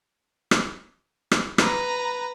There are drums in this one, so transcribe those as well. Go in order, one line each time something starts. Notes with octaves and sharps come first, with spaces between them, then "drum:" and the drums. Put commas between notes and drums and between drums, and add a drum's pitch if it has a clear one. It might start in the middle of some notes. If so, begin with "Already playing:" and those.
drum: rim click
drum: rim click
B4 A#5, drum: rim click